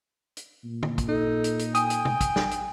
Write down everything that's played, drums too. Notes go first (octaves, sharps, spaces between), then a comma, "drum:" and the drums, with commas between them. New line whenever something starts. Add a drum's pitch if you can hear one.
drum: hi-hat
A#2
drum: tom
drum: kick, hi-hat
D#4 A4
drum: hi-hat
drum: hi-hat
G5 G#5 D#6, drum: hi-hat
drum: hi-hat
drum: tom
drum: kick, hi-hat
drum: snare
drum: hi-hat